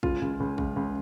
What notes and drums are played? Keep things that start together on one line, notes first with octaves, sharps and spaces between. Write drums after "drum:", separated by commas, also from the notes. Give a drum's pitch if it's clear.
C#2 F4, drum: kick
C#2
C#2
C#2, drum: kick
C#2